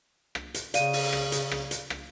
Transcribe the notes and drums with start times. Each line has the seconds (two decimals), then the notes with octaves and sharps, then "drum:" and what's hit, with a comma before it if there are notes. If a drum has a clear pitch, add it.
0.35 drum: rim click
0.54 drum: hi-hat
0.74 C#3 D5 F5 D#7, drum: hi-hat
0.93 drum: open hi-hat
1.13 drum: rim click
1.32 drum: hi-hat
1.51 drum: rim click
1.71 drum: hi-hat
1.90 drum: rim click